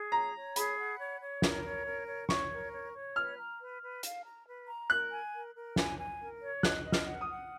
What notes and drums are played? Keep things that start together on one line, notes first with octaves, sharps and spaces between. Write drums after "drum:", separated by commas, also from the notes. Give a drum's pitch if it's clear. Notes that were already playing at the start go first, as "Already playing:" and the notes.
Already playing: G#4
C#5 A#5
C#5
G#4 B5, drum: hi-hat
F#5
C#5
C#5
A#4, drum: snare
C#5
A#4
C#5
C#5 C#6, drum: snare
A#4
C#5
C#5
B4 F6
A#5
B4
B4
F5, drum: hi-hat
A#5
B4
A#5
A#4 F#6
G#5
A#4
A#4
G#5, drum: snare
G#5
A#4
C#5
D#5 F#6, drum: snare
D#5
F6, drum: snare
F#5
D#6
F#5